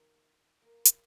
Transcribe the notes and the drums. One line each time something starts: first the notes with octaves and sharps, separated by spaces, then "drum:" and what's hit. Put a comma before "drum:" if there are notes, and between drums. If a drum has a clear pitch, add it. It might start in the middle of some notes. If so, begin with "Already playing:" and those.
Already playing: D#3 F#3 A#3 F#4
A#3 A#4
drum: hi-hat